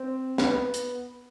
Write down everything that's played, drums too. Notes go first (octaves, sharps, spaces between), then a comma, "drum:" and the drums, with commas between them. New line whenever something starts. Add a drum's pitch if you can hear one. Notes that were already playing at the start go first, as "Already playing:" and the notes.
Already playing: C4
B3, drum: snare
B3
drum: hi-hat